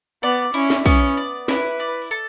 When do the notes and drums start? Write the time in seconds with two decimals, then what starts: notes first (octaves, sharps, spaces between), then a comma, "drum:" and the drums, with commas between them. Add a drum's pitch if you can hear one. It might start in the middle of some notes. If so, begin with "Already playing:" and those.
0.23 B3 D5
0.54 C#4 E4
0.70 drum: snare
0.86 B3 C#4, drum: kick
1.17 D5
1.48 E4 B4, drum: snare
1.80 D5
2.11 A4